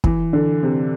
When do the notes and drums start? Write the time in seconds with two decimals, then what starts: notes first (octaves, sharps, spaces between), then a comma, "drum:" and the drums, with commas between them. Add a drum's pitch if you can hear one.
0.04 E3, drum: kick
0.33 D3
0.63 C3